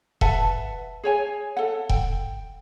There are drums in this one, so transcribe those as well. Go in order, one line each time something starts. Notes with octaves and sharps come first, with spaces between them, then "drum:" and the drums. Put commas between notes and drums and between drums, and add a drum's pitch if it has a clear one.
B4 E5 F#5 A5, drum: kick E1
G#4 C#5 G#5
A4 F#5
G5, drum: kick E1